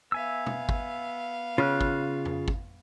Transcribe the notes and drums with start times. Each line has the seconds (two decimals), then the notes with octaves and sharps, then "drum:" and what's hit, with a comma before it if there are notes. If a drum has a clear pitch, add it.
0.12 B3 E5 F5 G#5 E6
0.46 drum: tom
0.69 drum: kick
1.58 C#3 F4 F6 F#6
1.81 drum: kick
2.25 drum: tom F2
2.48 drum: kick